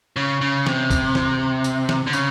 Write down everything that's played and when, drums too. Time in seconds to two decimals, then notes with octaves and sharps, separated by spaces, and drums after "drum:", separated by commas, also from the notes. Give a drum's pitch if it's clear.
0.16 C#3
0.41 C#3
0.66 C3, drum: snare
0.90 drum: kick, tambourine
1.15 drum: snare
1.64 drum: tambourine
1.89 drum: snare
2.07 D3
2.13 C#3, drum: tambourine